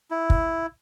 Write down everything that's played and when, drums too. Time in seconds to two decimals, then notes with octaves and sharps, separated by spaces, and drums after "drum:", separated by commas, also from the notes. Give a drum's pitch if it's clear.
0.11 E4
0.30 drum: kick